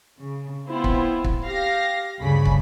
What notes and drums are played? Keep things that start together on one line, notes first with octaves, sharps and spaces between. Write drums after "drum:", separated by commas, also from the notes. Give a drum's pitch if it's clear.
C#3
B3 C4 E4 F4 C5
drum: kick
drum: kick
G4 F5 A#6
D2 G2 C#3 B5 B6
drum: kick